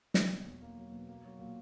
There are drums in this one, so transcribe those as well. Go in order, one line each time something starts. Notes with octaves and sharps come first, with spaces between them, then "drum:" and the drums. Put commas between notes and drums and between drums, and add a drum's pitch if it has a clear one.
F#3, drum: snare
B2
E2
A#3
F#3
B2
A#3
F#3
A#2